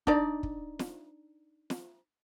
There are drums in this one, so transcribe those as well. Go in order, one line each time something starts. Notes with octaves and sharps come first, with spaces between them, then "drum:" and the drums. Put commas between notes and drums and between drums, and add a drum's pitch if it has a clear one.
D4 D#4 D5, drum: kick
drum: kick
drum: snare
drum: snare